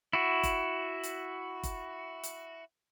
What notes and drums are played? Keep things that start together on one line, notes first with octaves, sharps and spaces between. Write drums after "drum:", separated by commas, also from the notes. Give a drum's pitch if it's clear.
E4 F#4
drum: kick, hi-hat
drum: hi-hat
drum: kick, hi-hat
drum: hi-hat